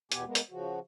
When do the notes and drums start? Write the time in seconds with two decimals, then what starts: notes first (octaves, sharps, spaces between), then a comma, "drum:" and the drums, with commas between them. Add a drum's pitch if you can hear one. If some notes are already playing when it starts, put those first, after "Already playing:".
0.12 E2 B2 B3 G4 G#5, drum: hi-hat
0.25 G#3 A#3 B3
0.35 drum: hi-hat
0.51 C#3 F3 F#4